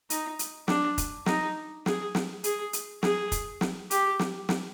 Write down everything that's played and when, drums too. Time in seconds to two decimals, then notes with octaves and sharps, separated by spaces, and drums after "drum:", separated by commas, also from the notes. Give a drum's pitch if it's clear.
0.10 D#4, drum: hi-hat
0.39 drum: hi-hat
0.68 D4, drum: snare
0.98 drum: kick, hi-hat
1.26 D#4, drum: snare
1.86 G#4, drum: snare
2.15 drum: snare
2.44 G#4, drum: hi-hat
2.73 drum: hi-hat
3.03 G#4, drum: snare
3.32 drum: kick, hi-hat
3.61 drum: snare
3.91 G4, drum: hi-hat
4.19 drum: snare
4.49 drum: snare